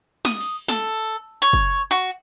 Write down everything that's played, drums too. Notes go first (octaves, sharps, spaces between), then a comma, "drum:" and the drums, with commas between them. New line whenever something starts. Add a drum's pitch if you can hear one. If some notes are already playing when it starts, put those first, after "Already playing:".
D#6, drum: snare
drum: cymbal
A4, drum: snare
C#5
drum: kick F#1
F#4